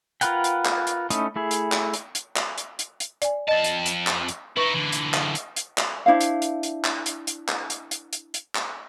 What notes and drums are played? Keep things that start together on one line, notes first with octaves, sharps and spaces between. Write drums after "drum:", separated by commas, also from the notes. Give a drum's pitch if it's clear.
F4 A#4 B4 F#5 G5, drum: hi-hat
drum: hi-hat
drum: clap
drum: hi-hat
A3 C#4 D#4 E4, drum: hi-hat
A3 E4 G#4
drum: hi-hat
drum: clap
drum: hi-hat
drum: hi-hat
drum: clap
drum: hi-hat
drum: hi-hat
drum: hi-hat
D5 G#5, drum: hi-hat
F2 D#5 A5 A6
drum: hi-hat
drum: hi-hat
drum: clap
drum: hi-hat
D#4 E4 B4 C#6
D3 E3
drum: hi-hat
drum: clap
drum: hi-hat
drum: hi-hat
drum: clap
D4 E4 C5 F5
drum: hi-hat
drum: hi-hat
drum: hi-hat
drum: clap
drum: hi-hat
drum: hi-hat
drum: clap
drum: hi-hat
drum: hi-hat
drum: hi-hat
drum: hi-hat
drum: clap